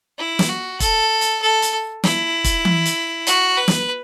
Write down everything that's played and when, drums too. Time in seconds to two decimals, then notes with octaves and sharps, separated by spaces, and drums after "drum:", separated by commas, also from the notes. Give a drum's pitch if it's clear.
0.19 E4
0.39 drum: snare
0.49 F#4
0.80 A4, drum: kick, hi-hat
1.21 drum: hi-hat
1.42 A4
1.62 drum: hi-hat
2.04 E4, drum: snare
2.44 drum: kick, hi-hat
2.65 drum: tom E3
2.85 drum: hi-hat
3.27 F#4, drum: hi-hat
3.57 B4
3.68 drum: snare